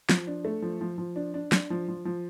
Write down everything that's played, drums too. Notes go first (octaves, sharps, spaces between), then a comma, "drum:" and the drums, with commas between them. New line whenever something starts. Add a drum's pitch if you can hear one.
F3, drum: snare
D4
A3
F3
F3
F3
D4
D4
D4, drum: snare
F3
F3
F3